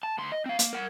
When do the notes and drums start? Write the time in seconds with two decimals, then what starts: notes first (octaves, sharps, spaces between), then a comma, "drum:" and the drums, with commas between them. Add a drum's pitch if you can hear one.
0.03 A5
0.18 D2 C6
0.32 D#5
0.46 C4 F5
0.59 A#3, drum: hi-hat
0.73 A#4 F#5